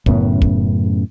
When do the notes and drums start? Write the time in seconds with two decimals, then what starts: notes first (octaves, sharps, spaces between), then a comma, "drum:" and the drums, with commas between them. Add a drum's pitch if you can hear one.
0.06 F#2 A2 C#3 B3, drum: kick
0.42 drum: kick